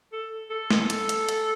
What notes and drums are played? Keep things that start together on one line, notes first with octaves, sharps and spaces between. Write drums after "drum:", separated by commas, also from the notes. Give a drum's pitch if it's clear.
A4
A4
drum: snare
drum: hi-hat
drum: hi-hat
drum: hi-hat